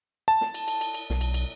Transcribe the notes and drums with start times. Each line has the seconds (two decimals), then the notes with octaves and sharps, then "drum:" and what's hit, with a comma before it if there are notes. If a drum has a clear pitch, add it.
0.28 A5
0.41 drum: snare
0.54 drum: cymbal
0.68 drum: cymbal
0.81 drum: cymbal
0.94 drum: cymbal
1.10 B1, drum: snare
1.21 drum: cymbal
1.34 drum: cymbal